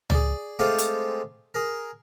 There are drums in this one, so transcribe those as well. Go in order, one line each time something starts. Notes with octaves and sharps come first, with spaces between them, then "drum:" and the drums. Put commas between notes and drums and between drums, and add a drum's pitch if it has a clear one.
G#4 D5, drum: tom C#2
G#3 A3 C4 F4 G4 G#4
drum: hi-hat
G#4 A#4